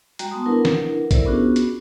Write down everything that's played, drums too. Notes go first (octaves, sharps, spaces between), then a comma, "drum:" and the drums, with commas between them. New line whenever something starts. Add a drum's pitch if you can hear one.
G3 G#3 F#4 G5 A#5, drum: hi-hat
B3 A5 C6 D#6
D4 E4 A#4 B4 F#5
drum: snare
E4 A4 A#4 C5 D5 E5, drum: kick A#1, hi-hat
B3 C#4 D4 F4 F#4 G#4
drum: hi-hat